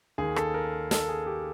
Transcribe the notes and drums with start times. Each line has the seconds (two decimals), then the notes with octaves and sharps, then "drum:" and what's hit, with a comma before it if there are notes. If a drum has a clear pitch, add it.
0.18 D#2 D#3 G#4
0.36 A4, drum: rim click
0.54 A#4
0.91 A4, drum: snare
1.08 G#4
1.27 G4